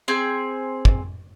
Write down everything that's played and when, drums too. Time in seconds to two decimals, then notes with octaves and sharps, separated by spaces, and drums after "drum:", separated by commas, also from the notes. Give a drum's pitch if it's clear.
0.08 C4 G#4 G#5
0.85 drum: kick